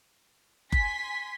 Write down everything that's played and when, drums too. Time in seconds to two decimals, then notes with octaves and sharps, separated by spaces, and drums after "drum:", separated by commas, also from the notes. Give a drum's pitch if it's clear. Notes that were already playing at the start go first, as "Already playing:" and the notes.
0.72 G#5 C6 B6, drum: kick F#1